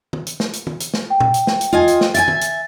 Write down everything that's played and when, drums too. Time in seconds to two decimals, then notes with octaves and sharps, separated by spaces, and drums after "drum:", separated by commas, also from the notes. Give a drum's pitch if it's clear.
0.13 drum: tom
0.27 drum: hi-hat
0.40 drum: snare
0.53 drum: hi-hat
0.67 drum: tom
0.80 drum: hi-hat
0.94 drum: snare
1.10 G5
1.20 drum: tom A#2
1.34 drum: hi-hat
1.47 drum: snare
1.61 drum: hi-hat
1.73 F4 D#5 G#5, drum: tom E2
1.88 drum: hi-hat
2.01 drum: snare
2.14 E5 G5 G#5 A6, drum: hi-hat
2.28 drum: tom
2.41 drum: hi-hat